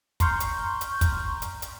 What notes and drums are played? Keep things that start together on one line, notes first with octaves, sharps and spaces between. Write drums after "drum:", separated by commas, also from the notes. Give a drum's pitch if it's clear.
A#5 C6 C#6 F6 G6, drum: kick, hi-hat
drum: hi-hat
drum: hi-hat
drum: kick, hi-hat
drum: hi-hat
drum: hi-hat